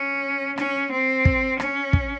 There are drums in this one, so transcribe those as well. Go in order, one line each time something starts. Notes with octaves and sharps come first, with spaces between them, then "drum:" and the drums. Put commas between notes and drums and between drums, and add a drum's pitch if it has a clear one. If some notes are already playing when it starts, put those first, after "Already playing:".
Already playing: C#4
C#4, drum: rim click
C4
drum: kick
C#4, drum: rim click
drum: kick